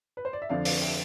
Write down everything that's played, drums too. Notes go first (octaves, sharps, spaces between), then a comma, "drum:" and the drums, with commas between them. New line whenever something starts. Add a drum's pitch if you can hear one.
B4
C5
D5
E5
F2 D3 F3 D5 F5
D5 F5, drum: open hi-hat
E5 G5